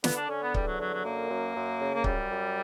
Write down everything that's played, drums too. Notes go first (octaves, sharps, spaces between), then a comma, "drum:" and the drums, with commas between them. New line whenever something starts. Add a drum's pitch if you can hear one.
D3 B3, drum: snare
D4
D3 C#4
B3
E2 G3, drum: kick C#1
F#3
D3 F#3
F#3
F#2 A#3
F#2
F#2
C#3
A#3
F#2 G3, drum: kick C#1
F#2